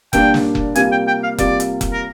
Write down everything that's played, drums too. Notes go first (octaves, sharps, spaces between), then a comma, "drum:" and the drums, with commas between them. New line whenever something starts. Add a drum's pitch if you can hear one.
A#2 G3 A#3 D4 G5, drum: kick F1, hi-hat
drum: snare
drum: kick F1
C3 G3 A#3 F4 G#5, drum: hi-hat
G5
G5
F5
C3 G3 A#3 F4 D5, drum: kick F1, hi-hat
drum: hi-hat
drum: kick F1, hi-hat
A#4